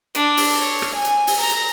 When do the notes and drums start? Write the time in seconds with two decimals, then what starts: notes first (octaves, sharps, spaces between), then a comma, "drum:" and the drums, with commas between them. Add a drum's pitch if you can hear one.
0.15 D4, drum: hi-hat
0.37 drum: open hi-hat
0.59 C#5
0.82 drum: rim click
0.95 G#5
1.05 drum: hi-hat
1.27 drum: open hi-hat
1.40 A#5
1.50 drum: hi-hat